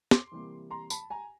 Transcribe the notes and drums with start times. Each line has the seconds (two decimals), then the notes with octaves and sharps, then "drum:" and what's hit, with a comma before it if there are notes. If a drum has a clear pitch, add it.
0.11 C6 D6, drum: snare
0.32 C3 E3 G3 A#3
0.71 A#5 C6
0.90 A5 B5, drum: tambourine
1.10 G#5 A#5